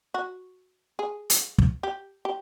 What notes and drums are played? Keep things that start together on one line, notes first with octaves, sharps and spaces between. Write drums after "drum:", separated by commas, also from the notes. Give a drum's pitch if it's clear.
F#4
G#4
drum: hi-hat
drum: kick
G4
G4